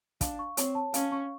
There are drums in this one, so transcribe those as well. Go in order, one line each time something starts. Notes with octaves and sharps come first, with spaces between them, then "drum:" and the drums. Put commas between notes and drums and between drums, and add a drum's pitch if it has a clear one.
D4 F5, drum: kick, hi-hat
C#6
C4 C#5, drum: hi-hat
A5
C#4 F5, drum: hi-hat
C#6